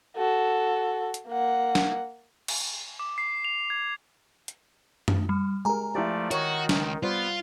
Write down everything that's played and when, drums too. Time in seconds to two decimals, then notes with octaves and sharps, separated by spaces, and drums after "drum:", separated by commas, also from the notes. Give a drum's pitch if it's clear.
0.17 F#4 A4
1.14 drum: hi-hat
1.28 A#3 F#5
1.75 drum: snare
2.48 drum: cymbal
2.99 D6
3.18 C7
3.45 F7
3.70 G#6
4.48 drum: hi-hat
5.08 drum: tom F#2
5.29 G3
5.65 G#3 G4 A#4 G#5 A#5
5.95 F3 A3 E4 G4 D5
6.31 D#3 F#4 C#5, drum: hi-hat
6.69 C#2, drum: snare
7.03 G3 B3 F4 C5 D5